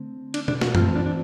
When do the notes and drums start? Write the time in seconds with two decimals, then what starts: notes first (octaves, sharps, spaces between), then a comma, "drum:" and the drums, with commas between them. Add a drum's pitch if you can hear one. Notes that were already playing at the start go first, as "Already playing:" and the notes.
Already playing: D3 A3 C4
0.34 D4, drum: cymbal
0.48 D4, drum: tom B2
0.61 drum: snare
0.75 E3 A3 C4 F4, drum: tom F#2
0.95 D4
1.06 D4